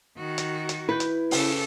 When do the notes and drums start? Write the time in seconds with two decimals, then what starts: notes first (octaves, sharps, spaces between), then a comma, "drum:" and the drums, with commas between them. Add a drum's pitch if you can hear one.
0.18 D#3 F#4
0.38 drum: hi-hat
0.69 drum: hi-hat
0.89 E4 B4 G6
1.00 drum: hi-hat
1.31 C#3 A4, drum: open hi-hat